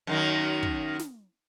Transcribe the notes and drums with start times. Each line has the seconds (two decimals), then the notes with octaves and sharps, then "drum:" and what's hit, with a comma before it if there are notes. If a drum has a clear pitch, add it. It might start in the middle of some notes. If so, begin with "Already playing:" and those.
0.07 F#2 D#3 A#3
0.63 drum: kick
0.99 drum: snare